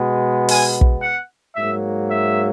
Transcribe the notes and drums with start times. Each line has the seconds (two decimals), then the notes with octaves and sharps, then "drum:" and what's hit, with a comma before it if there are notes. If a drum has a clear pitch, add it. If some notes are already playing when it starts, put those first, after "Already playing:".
Already playing: B2 G#3 B3
0.49 G#5, drum: open hi-hat
0.81 drum: kick
1.02 F#5
1.55 G#2 F#3 A#3 E5
2.10 E5